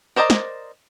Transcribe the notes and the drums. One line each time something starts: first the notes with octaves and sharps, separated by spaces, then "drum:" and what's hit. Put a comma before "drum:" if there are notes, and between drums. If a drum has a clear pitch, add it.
A#4 C5 D5 D#5 A#5
drum: snare